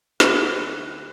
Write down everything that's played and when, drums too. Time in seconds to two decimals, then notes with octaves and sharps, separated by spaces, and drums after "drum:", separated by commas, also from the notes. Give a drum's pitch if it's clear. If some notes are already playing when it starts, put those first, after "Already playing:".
0.20 D2 D3 F#3 F#6, drum: snare